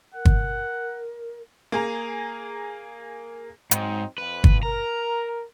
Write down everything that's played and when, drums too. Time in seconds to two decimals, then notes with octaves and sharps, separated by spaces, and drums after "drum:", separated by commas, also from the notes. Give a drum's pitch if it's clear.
0.14 A#4 F#5
0.25 drum: kick
1.72 A#3 G#4 A#5
3.71 G#2 F#3 C4 D#4, drum: hi-hat
4.18 F2 B4
4.44 drum: kick
4.63 A#4 A#5